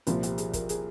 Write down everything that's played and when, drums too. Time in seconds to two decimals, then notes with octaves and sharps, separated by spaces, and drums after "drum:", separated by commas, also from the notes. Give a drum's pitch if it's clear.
0.07 C2 A#2 F3 A#3 F4, drum: hi-hat
0.23 G4, drum: hi-hat
0.38 G#4, drum: hi-hat
0.53 A#4, drum: kick, hi-hat
0.69 G#4, drum: hi-hat